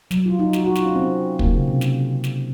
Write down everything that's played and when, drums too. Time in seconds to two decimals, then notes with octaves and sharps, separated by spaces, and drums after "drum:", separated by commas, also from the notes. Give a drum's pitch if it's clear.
0.11 F#3, drum: snare
0.26 F4
0.39 D#4
0.53 F#4, drum: snare
0.64 F#4
0.75 F4, drum: snare
0.85 C#4
0.96 C4
1.39 A#3, drum: kick
1.53 C#3
1.67 C3
1.81 drum: snare
2.24 drum: snare